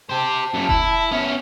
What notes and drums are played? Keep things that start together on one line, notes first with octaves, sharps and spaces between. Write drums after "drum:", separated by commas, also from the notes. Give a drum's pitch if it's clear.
G4 C5 A5
F#2 C#3
E4, drum: kick F1
B3 C#4 E5